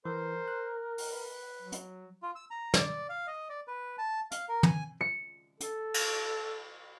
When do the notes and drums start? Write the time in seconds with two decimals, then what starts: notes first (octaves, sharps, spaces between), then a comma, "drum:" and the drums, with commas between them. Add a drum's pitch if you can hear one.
0.05 E3 A#4 C5
0.48 F#6
0.98 drum: open hi-hat
1.11 B4
1.62 F#3
1.72 drum: hi-hat
2.23 F4
2.36 E6
2.51 A#5
2.74 D5, drum: snare
3.09 F5
3.27 D#5
3.50 D5
3.68 B4
3.98 A5
4.31 F5, drum: hi-hat
4.49 A#4
4.63 G#5, drum: tom
5.01 C#7
5.60 A4, drum: hi-hat
5.94 drum: cymbal